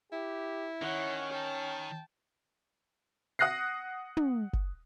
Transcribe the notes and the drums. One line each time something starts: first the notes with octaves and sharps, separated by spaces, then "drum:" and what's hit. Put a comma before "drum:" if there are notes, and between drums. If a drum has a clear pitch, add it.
E4 G4
D#3 C#4 C#5 F#5
G5 A5
F#5 D#6 F#6 A#6 C7
drum: tom
drum: kick F#1